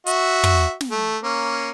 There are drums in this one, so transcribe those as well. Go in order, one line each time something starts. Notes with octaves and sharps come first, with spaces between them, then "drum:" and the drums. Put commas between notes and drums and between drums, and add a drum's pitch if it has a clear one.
F#4 E5, drum: hi-hat
drum: tom
drum: snare
A3
A#3 C#4